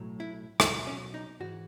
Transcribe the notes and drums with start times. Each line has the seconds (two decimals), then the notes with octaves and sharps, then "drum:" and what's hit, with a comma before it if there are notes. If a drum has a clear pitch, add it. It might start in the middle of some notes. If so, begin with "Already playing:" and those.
Already playing: B1 A2 F#3
0.20 E4
0.60 B1 B2 F#3 D#4, drum: rim click
0.87 C#4
1.14 D#4
1.40 G#2 E3 F#4